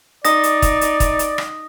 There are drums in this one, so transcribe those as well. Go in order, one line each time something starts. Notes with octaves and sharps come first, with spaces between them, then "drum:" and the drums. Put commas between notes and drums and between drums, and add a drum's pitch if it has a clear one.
D#4 D5 D#6 A#6, drum: hi-hat
drum: hi-hat
drum: kick, hi-hat
drum: hi-hat
drum: kick, hi-hat
drum: hi-hat
drum: rim click